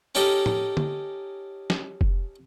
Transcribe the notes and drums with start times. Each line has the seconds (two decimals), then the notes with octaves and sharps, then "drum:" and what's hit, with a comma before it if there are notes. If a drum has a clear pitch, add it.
0.15 C#4 D#4 G4 A4 A#4
0.46 drum: tom
0.77 drum: tom
1.70 drum: snare
2.01 drum: kick F1